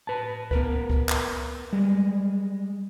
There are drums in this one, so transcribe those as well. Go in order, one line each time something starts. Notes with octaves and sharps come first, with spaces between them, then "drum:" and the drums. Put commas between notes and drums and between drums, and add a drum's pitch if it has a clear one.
B4 A5
B3 A#4 B4, drum: kick C#2
drum: kick C#2
drum: clap
G3 G#3